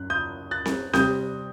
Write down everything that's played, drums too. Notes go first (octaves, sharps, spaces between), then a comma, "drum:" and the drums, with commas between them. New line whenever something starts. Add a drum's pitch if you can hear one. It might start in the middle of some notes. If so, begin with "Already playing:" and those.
Already playing: F#2 F#6
D#6 G6
F#6 A6
drum: snare C4
C3 G3 C4 D#6 G6, drum: snare C4